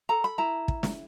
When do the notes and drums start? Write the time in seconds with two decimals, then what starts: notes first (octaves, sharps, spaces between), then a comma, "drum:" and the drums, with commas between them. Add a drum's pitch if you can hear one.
0.09 A4 A#5
0.24 B5
0.38 E4 A#5
0.68 drum: kick
0.83 drum: snare